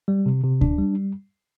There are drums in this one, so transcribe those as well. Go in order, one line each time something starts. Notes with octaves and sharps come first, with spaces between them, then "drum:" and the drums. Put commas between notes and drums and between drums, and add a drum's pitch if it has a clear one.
G3
C3
C3
D4, drum: kick D2
G3